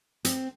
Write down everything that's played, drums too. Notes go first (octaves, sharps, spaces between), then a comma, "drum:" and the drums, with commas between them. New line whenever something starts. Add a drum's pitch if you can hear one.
C4, drum: hi-hat